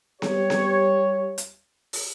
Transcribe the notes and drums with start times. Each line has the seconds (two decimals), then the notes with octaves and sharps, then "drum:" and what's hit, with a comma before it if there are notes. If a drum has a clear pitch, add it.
0.22 G3 G4 C#5, drum: snare B3
0.50 drum: snare B3
1.38 drum: hi-hat
1.93 drum: open hi-hat